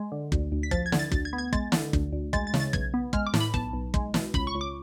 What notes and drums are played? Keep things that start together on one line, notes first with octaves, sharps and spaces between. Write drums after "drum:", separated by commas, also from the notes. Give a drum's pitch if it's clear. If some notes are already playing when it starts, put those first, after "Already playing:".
Already playing: G#3
D3
D2, drum: kick
D2
B6
F3 A6, drum: kick
G#6
D3, drum: snare
A6
D2 A6, drum: kick
G#6
B3
G#6
G#3 A6, drum: kick
D3, drum: snare
D2, drum: kick
D2
G#3 A6, drum: kick
A6
C#3, drum: snare
A6
B1 G#6, drum: kick
B3
G#3 F6, drum: kick
D6
A2, drum: snare
B5
B1 A5, drum: kick
B1
G#3, drum: kick
B2, drum: snare
C#2 B5, drum: kick
C#6
C#2
D6